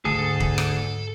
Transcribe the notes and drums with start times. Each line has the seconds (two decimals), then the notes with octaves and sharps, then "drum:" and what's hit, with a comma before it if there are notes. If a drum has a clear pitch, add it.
0.05 D2 G#2 C#3 G#4 A4 A5
0.40 drum: kick
0.58 drum: rim click